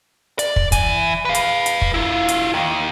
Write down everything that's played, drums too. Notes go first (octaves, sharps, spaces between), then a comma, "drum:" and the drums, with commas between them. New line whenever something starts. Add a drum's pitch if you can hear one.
D5, drum: hi-hat
drum: kick
E3, drum: kick, hi-hat
B4 F5
drum: hi-hat
drum: hi-hat
drum: kick
E4 F4
drum: hi-hat
D#2